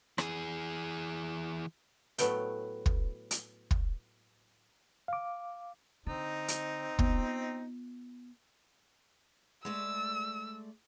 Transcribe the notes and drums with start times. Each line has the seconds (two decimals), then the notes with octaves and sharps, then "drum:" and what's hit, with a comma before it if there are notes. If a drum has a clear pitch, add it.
0.18 E3 G#4, drum: rim click
2.18 A2 F#3 A3 B3 G5, drum: hi-hat
2.86 drum: kick
3.31 drum: hi-hat
3.71 drum: kick
5.08 F5 D6
6.06 D3 C4 D#4
6.48 drum: hi-hat
6.99 B3 F4, drum: kick
9.65 G#3 A3 D5 E6